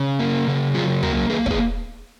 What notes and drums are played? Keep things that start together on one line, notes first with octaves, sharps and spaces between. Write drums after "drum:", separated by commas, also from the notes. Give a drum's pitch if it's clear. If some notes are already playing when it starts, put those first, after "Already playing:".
Already playing: C#3
A#3
C#3
F#3 F4 G#4
A#3 F#4 A#4, drum: tom
A#3 G#4 B4
C#5, drum: kick
G#4 B4